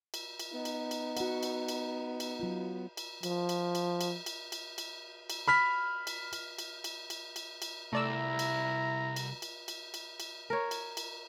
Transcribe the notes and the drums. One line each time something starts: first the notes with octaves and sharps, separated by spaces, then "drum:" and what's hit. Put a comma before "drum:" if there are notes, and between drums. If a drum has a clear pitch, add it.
drum: cymbal
drum: cymbal
B3 D#4
drum: cymbal
drum: cymbal
F#4 F#5, drum: cymbal
drum: cymbal
drum: cymbal
drum: cymbal
F#3 F4
drum: cymbal
F3, drum: cymbal
drum: cymbal
drum: cymbal
drum: cymbal
drum: cymbal
drum: cymbal
drum: cymbal
drum: cymbal
B5 F6 B6
drum: cymbal
drum: cymbal
drum: cymbal
drum: cymbal
drum: cymbal
drum: cymbal
drum: cymbal
C2 A3 E4 D5 A#5 E6
drum: cymbal
drum: cymbal
drum: cymbal
drum: cymbal
drum: cymbal
drum: cymbal
A#4 C#5
drum: cymbal
drum: cymbal